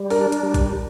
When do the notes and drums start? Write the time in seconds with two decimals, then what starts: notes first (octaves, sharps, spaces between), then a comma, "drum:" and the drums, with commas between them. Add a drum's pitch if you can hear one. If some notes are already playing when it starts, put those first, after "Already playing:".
Already playing: G3
0.10 D4 A#4, drum: open hi-hat
0.32 drum: hi-hat
0.43 G3
0.54 drum: kick A#1, hi-hat